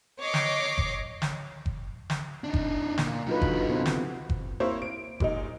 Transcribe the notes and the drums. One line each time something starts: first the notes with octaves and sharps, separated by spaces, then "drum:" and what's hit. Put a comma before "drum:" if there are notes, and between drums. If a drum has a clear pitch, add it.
C#5 D#5 D6 C7
drum: snare
drum: kick F#1
drum: snare
drum: kick F#1
drum: snare
D4 D#4
drum: kick F#1
A#2, drum: snare
D3 F#3 D#4 F4 B4
drum: kick F#1
C3 B3 C5
drum: snare
drum: kick F#1
A#3 C4 E4 C5 C#5
D7
A#2 G#3 D#4, drum: kick F#1